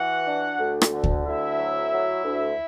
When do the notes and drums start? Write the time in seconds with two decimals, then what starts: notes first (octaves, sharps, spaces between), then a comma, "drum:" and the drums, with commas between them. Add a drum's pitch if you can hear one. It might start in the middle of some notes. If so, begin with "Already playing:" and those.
Already playing: E3 F#4 F#5
0.26 D4
0.59 D2
0.82 drum: rim click
0.92 D3
1.04 drum: kick D2
1.25 D2 E4 E5
1.58 F#3
1.92 F#3
2.24 D2